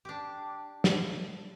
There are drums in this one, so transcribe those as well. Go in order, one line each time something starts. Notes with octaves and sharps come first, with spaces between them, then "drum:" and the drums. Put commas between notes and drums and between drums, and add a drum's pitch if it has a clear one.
D4 G4
drum: snare